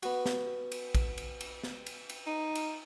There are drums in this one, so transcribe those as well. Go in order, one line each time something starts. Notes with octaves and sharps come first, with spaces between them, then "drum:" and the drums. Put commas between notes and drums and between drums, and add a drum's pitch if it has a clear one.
B3 F#4, drum: cymbal
drum: snare
drum: cymbal
drum: kick A#1, cymbal
drum: cymbal
drum: cymbal
drum: snare
drum: cymbal
drum: cymbal
D#4
drum: cymbal